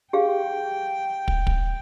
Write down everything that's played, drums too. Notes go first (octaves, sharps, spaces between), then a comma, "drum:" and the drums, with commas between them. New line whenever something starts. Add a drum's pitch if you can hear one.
G4 G#4 F5 G5
drum: kick
drum: kick